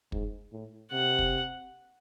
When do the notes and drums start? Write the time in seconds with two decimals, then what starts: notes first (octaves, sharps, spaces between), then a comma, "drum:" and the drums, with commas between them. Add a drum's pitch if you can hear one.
0.12 G#2, drum: kick
0.52 A2
0.92 C3 F#5
1.19 drum: kick